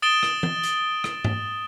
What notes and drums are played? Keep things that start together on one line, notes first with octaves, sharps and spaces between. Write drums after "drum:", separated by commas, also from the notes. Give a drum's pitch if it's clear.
D#6 A6 D7 E7 G7
drum: rim click
drum: tom
drum: hi-hat
drum: rim click
drum: tom G#2